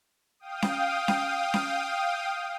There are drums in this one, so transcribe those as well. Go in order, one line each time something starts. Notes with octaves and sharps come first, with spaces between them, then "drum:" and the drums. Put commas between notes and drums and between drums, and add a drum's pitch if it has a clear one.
F5 G5 D#6
drum: snare C#4
drum: snare C#4
drum: snare C#4